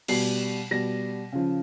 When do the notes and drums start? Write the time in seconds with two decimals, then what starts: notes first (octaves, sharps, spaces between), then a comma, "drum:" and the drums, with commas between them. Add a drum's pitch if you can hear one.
0.08 B2 G3 C7, drum: cymbal
0.71 B2 G3 A#6
1.32 C#3 F3